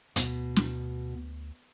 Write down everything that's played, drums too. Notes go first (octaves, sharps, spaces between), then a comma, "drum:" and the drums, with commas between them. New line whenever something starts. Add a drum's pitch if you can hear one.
D2 B2, drum: hi-hat
drum: snare